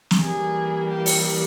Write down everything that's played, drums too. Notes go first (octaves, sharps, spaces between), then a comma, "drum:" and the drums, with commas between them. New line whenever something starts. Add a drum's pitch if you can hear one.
drum: snare
E3 G3 A#3 G#4
G4
drum: open hi-hat